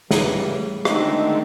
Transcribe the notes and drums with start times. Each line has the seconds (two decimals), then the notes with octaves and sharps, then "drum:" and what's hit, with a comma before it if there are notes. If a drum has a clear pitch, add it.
0.11 A2 C#3 E3 G3, drum: snare
0.85 D3 D#3 G#3 A3 C4 D#4, drum: rim click